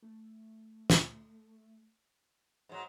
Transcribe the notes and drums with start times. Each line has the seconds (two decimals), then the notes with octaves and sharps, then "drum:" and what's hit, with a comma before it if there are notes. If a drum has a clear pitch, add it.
0.02 A3
0.90 drum: snare
2.69 G#2 F#3